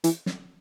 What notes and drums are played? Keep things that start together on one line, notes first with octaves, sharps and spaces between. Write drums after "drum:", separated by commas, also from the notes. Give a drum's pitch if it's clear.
E3, drum: hi-hat
drum: snare